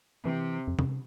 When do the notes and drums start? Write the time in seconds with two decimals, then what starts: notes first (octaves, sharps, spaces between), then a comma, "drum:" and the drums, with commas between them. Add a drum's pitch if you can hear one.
0.25 C3 E3
0.68 F2
0.79 F2, drum: tom C3